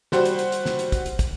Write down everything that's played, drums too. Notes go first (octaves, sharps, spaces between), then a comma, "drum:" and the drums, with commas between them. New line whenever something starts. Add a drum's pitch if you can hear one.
G3 F#4 C5, drum: snare
drum: hi-hat
drum: hi-hat
drum: hi-hat
drum: snare
drum: hi-hat
drum: kick, hi-hat
drum: hi-hat
drum: kick, hi-hat